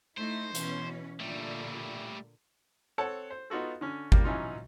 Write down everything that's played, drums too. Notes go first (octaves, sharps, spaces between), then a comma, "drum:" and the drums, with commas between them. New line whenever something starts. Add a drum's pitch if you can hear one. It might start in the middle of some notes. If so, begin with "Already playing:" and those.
A3 D#4 E4 C5
B2 E3 C#4, drum: hi-hat
A#2 D3 G3 A3
C4 A4 C#5 F#5 A5
C5
B3 D#4 F4 F#4 A4
D3 C#4
G3 A#3, drum: kick G#1
E3 F#3 C#4 D#4 F4